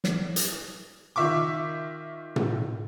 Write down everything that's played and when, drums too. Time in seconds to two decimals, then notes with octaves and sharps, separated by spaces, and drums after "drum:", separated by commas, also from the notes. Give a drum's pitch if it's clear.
0.04 drum: snare
0.36 drum: hi-hat
1.16 D#3 F4 E5 C#6 D6
2.36 drum: tom